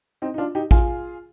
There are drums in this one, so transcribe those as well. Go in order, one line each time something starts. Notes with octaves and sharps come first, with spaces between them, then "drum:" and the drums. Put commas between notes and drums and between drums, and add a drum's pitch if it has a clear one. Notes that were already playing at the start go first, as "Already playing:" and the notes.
C4 D#4
D#4
D4 F4
D#4 G4
F4 G#4, drum: kick